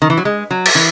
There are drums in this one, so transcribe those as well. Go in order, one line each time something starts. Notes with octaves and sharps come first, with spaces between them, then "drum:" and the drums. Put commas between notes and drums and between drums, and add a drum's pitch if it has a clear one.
D#3
E3
F#3
G#3
F#3
drum: cymbal
E3